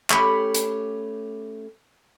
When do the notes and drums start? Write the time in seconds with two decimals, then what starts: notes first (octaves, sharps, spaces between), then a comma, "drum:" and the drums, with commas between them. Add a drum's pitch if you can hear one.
0.10 A3 C#4 G4 B5 C#6, drum: clap
0.55 drum: hi-hat